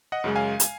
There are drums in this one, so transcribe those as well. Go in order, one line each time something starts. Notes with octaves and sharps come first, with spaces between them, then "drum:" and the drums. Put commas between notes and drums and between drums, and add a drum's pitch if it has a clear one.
D#5 F#5
F#2 C#3 G#3
F5 G#5
drum: hi-hat